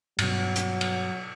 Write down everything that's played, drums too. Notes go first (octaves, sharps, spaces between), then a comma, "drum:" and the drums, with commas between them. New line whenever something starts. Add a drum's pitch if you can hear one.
G2 B2 F#3, drum: cymbal
drum: hi-hat
drum: cymbal